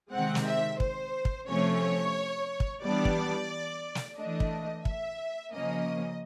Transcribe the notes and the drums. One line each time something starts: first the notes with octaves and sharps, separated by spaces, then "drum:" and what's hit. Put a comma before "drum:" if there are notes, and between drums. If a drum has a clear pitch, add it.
C3 D#3 G#3 C4 F#5
drum: snare
E5
C5, drum: kick
drum: kick
C3 F3 A3 C#4 C#5
drum: kick
E3 G3 B3 D4 D5
drum: kick
drum: snare
E3 A3 D4 D#5
drum: kick
E5, drum: kick
C#3 F3 A#3 C#4 D#5